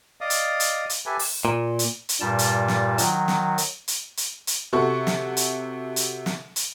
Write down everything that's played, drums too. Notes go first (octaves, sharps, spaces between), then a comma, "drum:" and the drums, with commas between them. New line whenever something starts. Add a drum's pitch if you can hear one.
D5 D#5 F5 D#6
drum: hi-hat
drum: hi-hat
drum: hi-hat
G4 A4 B4 E5 G#5
drum: open hi-hat
A#2
drum: hi-hat
drum: hi-hat
G2 A#2 G3 A5
drum: hi-hat
drum: snare
D#3 F#3, drum: hi-hat
drum: snare
drum: hi-hat
drum: hi-hat
drum: hi-hat
drum: hi-hat
C3 F#4 A4 C#6
drum: snare
drum: hi-hat
drum: hi-hat
drum: snare
drum: hi-hat